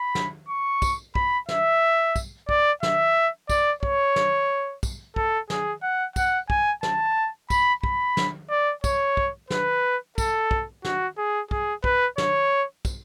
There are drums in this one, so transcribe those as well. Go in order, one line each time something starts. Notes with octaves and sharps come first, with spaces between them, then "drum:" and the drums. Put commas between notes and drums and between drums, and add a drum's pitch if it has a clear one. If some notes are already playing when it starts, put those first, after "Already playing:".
Already playing: B5
drum: snare
C#6
drum: kick, tambourine
B5, drum: kick
E5, drum: snare
drum: kick, tambourine
D5, drum: kick
E5, drum: snare
D5, drum: kick, tambourine
C#5, drum: kick
drum: snare
drum: kick, tambourine
A4, drum: kick
G#4, drum: snare
F#5
F#5, drum: kick, tambourine
G#5, drum: kick
A5, drum: snare
B5, drum: kick, tambourine
B5, drum: kick
drum: snare
D5
C#5, drum: kick, tambourine
drum: kick
B4, drum: snare
A4, drum: kick, tambourine
drum: kick
F#4, drum: snare
G#4
G#4, drum: kick
B4, drum: kick
C#5, drum: snare
drum: kick, tambourine